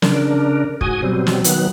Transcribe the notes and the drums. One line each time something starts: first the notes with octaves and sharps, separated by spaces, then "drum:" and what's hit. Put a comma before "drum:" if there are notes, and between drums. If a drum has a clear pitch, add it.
C#3 D4 A#4, drum: snare
G#2 F#4 G#5 D#6, drum: kick
B2 F#3 G3 C4
drum: snare
D#3 F#3 B3 F#6, drum: hi-hat